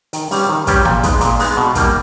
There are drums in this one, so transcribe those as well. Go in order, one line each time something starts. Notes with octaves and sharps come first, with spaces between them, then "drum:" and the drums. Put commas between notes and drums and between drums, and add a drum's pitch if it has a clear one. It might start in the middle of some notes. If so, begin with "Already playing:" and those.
D#3, drum: hi-hat
G3 C#4 G4 B4, drum: open hi-hat
D#3
G3 C#4 G4 B4, drum: kick, hi-hat
A#2, drum: snare
G#3 B3 D#4, drum: kick, hi-hat
A#2, drum: hi-hat
G#3 B3 D#4, drum: open hi-hat
B2
G3 A#3 D#4, drum: kick, hi-hat